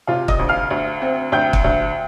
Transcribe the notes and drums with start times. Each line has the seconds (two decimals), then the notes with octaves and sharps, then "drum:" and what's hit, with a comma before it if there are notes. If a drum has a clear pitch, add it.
0.07 C3 F4 F5
0.28 D#5 D#6, drum: kick
0.39 D2
0.49 F5 F6
0.71 D2
1.02 C4
1.32 D2 G5 G6
1.53 drum: kick
1.64 D2